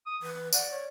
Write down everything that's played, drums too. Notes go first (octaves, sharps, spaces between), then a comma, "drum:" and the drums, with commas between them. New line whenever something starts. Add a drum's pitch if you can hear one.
D#6
E3 B4
D5 F#5, drum: tambourine
C#5